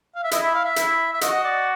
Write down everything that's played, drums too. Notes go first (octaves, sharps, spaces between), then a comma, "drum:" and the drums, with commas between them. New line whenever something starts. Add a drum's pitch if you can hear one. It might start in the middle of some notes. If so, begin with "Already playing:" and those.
F5
E5
E4 D#5, drum: hi-hat
E5
F5
E5
E4, drum: hi-hat
E5
F#4 D#5, drum: hi-hat
D5